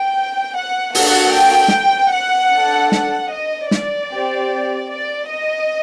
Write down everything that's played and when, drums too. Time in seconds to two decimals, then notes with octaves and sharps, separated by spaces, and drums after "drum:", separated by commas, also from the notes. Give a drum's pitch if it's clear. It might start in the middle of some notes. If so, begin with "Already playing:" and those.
Already playing: G5
0.56 F#5
0.95 A#3 D4 F#4 A4 F#5, drum: open hi-hat
1.34 G5
1.68 drum: snare
2.13 F#5
2.53 D4 A4
2.92 F#5, drum: snare
3.32 D#5
3.71 D5, drum: snare
4.11 C4 G4
4.89 D5
5.29 D#5